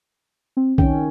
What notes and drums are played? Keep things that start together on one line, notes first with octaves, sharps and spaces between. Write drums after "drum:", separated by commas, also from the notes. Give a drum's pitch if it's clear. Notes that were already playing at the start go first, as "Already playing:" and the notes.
C4
D#3 C#4 G5, drum: kick